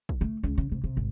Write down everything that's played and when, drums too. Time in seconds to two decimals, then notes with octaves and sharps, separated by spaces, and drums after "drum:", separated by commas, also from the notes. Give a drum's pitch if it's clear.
0.09 drum: kick
0.21 A3
0.43 C#2
0.58 C#3
0.72 C3
0.84 C3
0.97 G#1